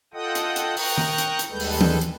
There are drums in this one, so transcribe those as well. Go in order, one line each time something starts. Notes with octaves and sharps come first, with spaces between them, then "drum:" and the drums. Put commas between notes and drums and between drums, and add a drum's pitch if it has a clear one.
F4 A4 D#5 F#5 G5 D#6
drum: hi-hat
drum: hi-hat
A#4 G5 A#5 C#6 D#6 F#6, drum: open hi-hat
drum: tom D#3
drum: hi-hat
drum: hi-hat
D#2 G3 G#3 A4 B4 G6
drum: open hi-hat
drum: tom E3
drum: hi-hat